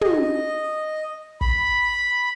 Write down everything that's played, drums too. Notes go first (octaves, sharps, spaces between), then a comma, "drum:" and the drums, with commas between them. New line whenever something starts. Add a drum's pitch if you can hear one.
D#5, drum: tom
B5, drum: kick